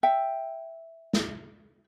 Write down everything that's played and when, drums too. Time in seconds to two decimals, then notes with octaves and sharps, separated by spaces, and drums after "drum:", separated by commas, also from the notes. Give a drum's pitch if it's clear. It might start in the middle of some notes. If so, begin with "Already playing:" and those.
0.03 E5 G5
1.13 drum: snare